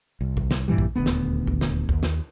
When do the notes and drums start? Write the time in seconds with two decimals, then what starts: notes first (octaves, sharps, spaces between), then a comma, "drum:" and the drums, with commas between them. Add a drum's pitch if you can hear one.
0.21 C2
0.37 drum: kick A#1
0.51 drum: snare
0.68 G2 A#2 E3 G3
0.78 drum: kick A#1
0.95 D#1 D2 B3
1.06 drum: snare
1.47 drum: kick A#1
1.61 drum: snare
1.89 D#2, drum: kick A#1
2.03 drum: snare